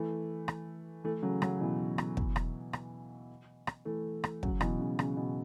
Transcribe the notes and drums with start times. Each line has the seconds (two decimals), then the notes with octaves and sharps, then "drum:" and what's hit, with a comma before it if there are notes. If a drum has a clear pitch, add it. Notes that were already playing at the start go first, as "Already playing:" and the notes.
Already playing: E3 A3
0.48 drum: rim click
1.04 E3 A3
1.22 C#3 F#3
1.42 C#3 F#3, drum: rim click
1.61 B2 E3
1.98 drum: rim click
2.17 drum: kick
2.36 drum: rim click
2.73 drum: rim click
3.67 drum: rim click
3.85 E3 A3
4.24 drum: rim click
4.43 C#3 F#3, drum: kick
4.61 B2 E3, drum: rim click
4.79 C#3
4.99 C#3, drum: rim click
5.17 B2